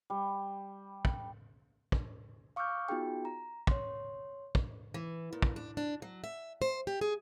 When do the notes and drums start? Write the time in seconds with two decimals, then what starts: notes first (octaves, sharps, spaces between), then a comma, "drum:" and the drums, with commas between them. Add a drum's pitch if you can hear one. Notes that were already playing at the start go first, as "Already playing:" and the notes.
0.10 G3
1.05 drum: kick
1.92 drum: kick
2.56 F5 C#6 D6 E6 F6 G6
2.89 B3 D#4 F4 F#4 G#4 G5
3.25 A#5
3.67 C#5 C6, drum: kick
4.55 drum: kick
4.94 E3
5.33 A#2
5.42 drum: kick
5.56 D4
5.77 D4
6.02 F#3
6.24 E5
6.62 C5
6.87 G4
7.01 G#4